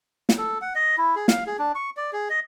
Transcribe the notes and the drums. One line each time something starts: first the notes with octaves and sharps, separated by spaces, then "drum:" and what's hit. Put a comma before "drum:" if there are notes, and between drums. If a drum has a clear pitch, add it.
drum: snare
A4
F#5
D#5
E4
G#4
F5, drum: snare
G#4
D4
C#6
D5
G#4
D#5